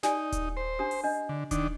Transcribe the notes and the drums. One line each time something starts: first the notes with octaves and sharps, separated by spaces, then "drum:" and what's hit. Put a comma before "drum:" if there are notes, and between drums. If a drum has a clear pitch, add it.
D#4 G4 D5 G#5, drum: snare
drum: kick D#1, hi-hat
C5
D4 G4 D#6
drum: open hi-hat
D4 D#5
D3
D#3 D4, drum: kick D#1, hi-hat